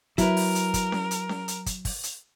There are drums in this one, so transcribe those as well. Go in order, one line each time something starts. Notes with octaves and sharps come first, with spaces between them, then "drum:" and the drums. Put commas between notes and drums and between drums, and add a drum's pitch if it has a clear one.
F#3 E4 A#4 B4, drum: kick, hi-hat
drum: open hi-hat
drum: hi-hat
drum: kick, hi-hat
drum: snare C#4
drum: hi-hat
drum: snare C#4
drum: hi-hat
drum: kick, hi-hat
drum: kick, open hi-hat
drum: hi-hat